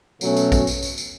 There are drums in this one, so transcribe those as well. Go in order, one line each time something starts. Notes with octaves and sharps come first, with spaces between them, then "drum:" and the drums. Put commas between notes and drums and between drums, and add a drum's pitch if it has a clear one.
B2 F#3 A3 C#4, drum: tambourine
drum: tambourine
drum: kick, tambourine
drum: tambourine
drum: tambourine
drum: tambourine